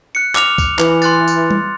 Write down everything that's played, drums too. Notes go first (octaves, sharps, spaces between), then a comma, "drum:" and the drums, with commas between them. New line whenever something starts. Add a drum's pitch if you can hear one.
F#6 C#7
D6 F6 F7, drum: clap
drum: kick, tambourine
E3, drum: clap
C6 F#6 A6, drum: tambourine
drum: tambourine
drum: tom G3